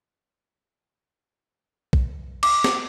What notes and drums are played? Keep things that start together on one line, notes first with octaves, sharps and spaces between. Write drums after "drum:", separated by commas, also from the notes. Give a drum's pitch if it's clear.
drum: kick A#1
D6, drum: cymbal
drum: snare